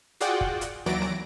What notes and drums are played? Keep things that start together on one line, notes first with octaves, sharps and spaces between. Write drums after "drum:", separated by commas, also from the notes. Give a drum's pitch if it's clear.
F4 F#4 G#4 D5 F#5 G5, drum: hi-hat
drum: kick
drum: hi-hat
D#2 E3 F#3 D5 A#6 D7
drum: snare